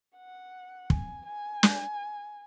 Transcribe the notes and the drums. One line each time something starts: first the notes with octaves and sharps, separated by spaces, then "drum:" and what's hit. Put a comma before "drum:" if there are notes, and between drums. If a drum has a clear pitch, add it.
F#5
G#5, drum: kick
G#5
drum: snare